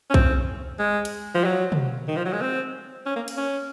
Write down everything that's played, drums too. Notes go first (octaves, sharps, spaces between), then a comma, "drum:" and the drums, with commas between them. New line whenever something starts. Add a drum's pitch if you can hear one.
C#4
C4, drum: kick A#1
G#3
drum: cymbal
F3
F#3
drum: tom
D#3
F3
F#3
G#3
C4
C#4
A#3
drum: cymbal
C#4